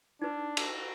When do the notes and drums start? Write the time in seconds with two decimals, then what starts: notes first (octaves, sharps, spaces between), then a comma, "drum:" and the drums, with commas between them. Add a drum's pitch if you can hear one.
0.22 D4 D#4 B4
0.57 drum: cymbal